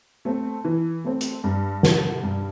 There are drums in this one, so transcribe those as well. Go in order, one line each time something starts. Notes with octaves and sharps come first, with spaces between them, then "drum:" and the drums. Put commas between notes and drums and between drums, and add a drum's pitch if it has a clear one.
A3 C4
E3
A3 C4
drum: hi-hat
G2
D3 G3, drum: snare
G2